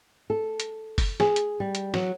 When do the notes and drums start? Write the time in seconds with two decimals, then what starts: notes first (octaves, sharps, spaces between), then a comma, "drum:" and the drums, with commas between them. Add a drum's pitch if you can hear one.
0.30 A4
0.60 drum: hi-hat
0.98 drum: kick F#1, open hi-hat
1.20 G#4, drum: snare
1.36 drum: hi-hat
1.60 G3
1.75 drum: hi-hat
1.94 F#3, drum: snare